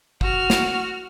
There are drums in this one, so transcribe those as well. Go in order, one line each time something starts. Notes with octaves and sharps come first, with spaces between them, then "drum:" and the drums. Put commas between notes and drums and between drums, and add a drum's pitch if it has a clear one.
F#4 F6, drum: kick
drum: snare